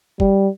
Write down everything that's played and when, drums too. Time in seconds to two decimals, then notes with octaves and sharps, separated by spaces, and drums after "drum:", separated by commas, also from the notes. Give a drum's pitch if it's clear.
0.20 G3, drum: kick